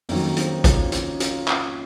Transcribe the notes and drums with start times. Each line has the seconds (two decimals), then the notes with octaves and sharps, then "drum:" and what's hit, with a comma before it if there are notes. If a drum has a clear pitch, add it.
0.09 F2 D#3 F#3 A#3 C#4, drum: open hi-hat
0.37 C4 D#4, drum: hi-hat
0.64 C#4 F4, drum: kick G#1, hi-hat
0.92 C#4 F4, drum: hi-hat
1.20 C#4 F4, drum: hi-hat
1.48 drum: clap